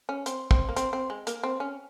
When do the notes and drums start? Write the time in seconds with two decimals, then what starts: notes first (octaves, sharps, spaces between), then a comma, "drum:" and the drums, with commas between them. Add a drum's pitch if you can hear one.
0.09 C#4
0.26 C4, drum: hi-hat
0.51 C4, drum: kick
0.69 A#3
0.76 C4, drum: hi-hat
0.93 C4
1.10 G#3
1.27 A#3, drum: hi-hat
1.43 C4
1.60 C#4